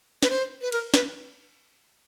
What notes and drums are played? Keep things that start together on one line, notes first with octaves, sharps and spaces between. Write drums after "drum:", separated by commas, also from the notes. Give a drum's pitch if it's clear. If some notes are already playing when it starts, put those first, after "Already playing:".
B4, drum: snare
C5
B4
A#4, drum: cymbal
B4, drum: snare